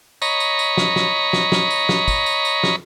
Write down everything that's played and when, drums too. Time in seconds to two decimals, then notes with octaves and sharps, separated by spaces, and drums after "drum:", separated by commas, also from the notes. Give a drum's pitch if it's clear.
0.22 C#5 D#5 A#5 B5 C#6, drum: tambourine
0.40 drum: tambourine
0.59 drum: tambourine
0.77 drum: snare
0.96 drum: snare
1.33 drum: snare
1.52 drum: snare
1.70 drum: tambourine
1.89 drum: snare
2.08 drum: kick, tambourine
2.26 drum: tambourine
2.45 drum: tambourine
2.63 drum: snare